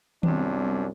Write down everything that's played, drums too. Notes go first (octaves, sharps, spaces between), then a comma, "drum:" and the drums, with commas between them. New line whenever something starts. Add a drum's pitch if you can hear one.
C2 F#2 G3 B3 C4 D4, drum: tom D#3